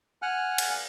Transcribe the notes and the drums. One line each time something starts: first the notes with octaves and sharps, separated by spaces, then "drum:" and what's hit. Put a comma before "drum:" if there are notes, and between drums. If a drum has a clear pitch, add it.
F#5 G#5 F6 F#6
drum: cymbal